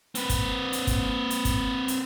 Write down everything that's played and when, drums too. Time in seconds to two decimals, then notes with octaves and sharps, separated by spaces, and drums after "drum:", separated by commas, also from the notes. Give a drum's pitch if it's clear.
0.15 C4 B4, drum: hi-hat
0.29 drum: kick, hi-hat
0.73 drum: hi-hat
0.87 drum: kick, hi-hat
1.30 drum: hi-hat
1.45 drum: kick, hi-hat
1.88 drum: hi-hat